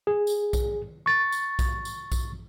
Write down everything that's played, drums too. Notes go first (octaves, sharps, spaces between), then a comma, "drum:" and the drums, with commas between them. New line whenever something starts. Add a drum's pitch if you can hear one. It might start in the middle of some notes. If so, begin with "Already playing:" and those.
G#4
drum: tambourine
drum: kick B1, tambourine
C#6 A6
drum: tambourine
drum: kick B1, tambourine
drum: tambourine
drum: kick B1, tambourine